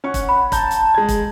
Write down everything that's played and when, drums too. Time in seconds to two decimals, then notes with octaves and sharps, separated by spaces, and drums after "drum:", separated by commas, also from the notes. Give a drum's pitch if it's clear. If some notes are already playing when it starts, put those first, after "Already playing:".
0.04 C#4 F#5 C#6
0.14 drum: kick E1, hi-hat
0.29 B5
0.52 A5 A#5 G6, drum: kick E1, hi-hat
0.71 drum: hi-hat
0.94 G#3 G#6
1.08 drum: kick E1, hi-hat